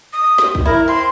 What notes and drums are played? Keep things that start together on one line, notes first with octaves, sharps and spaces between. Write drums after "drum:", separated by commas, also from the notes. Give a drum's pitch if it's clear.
D#6
drum: snare
drum: kick
E4 A#4
C4 C6